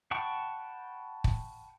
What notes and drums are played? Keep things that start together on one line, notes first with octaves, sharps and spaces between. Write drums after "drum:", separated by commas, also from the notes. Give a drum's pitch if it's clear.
F#5 G5 A5 B5 C#6
drum: kick